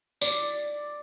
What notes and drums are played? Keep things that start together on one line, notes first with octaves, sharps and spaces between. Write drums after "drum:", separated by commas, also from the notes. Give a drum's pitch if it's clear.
D5, drum: tambourine